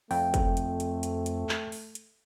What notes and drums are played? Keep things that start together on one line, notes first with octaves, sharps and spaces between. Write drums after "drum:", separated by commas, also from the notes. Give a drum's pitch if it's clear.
F2 A3 G5, drum: open hi-hat
drum: kick, hi-hat
drum: hi-hat
drum: hi-hat
drum: hi-hat
drum: hi-hat
drum: clap
drum: open hi-hat
drum: hi-hat